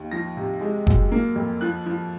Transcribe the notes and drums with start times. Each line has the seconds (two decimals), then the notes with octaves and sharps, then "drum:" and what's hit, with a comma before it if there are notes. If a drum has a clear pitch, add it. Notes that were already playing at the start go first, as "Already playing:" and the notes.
Already playing: D#2
0.11 F3 A#6
0.37 C3
0.61 G#3
0.87 F#2, drum: kick F#1
1.12 A#3
1.36 F2
1.61 F3 F#6
1.86 F3